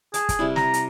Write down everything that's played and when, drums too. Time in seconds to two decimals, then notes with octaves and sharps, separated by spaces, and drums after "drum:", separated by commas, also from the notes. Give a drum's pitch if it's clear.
0.14 G#4 A5, drum: hi-hat
0.29 drum: kick, hi-hat
0.39 C3 G3 E4
0.56 A#5, drum: snare
0.74 drum: hi-hat